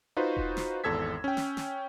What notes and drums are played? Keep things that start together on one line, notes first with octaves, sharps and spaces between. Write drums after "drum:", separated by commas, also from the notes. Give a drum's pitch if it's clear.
D#4 F4 F#4 B4 C5
drum: kick E1
drum: snare
G#1 E2 A4 E6 G#6 B6
C#4 G5
drum: snare
drum: snare